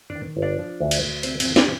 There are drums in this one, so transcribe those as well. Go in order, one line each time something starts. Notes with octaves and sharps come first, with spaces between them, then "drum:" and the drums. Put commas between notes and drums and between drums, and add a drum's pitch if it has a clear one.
D4 D5
D#3
G1
D4 D5
F3
D2
drum: cymbal
D2
C3 C4 C5, drum: cymbal
C4 C5, drum: cymbal
F3
D4 D5, drum: snare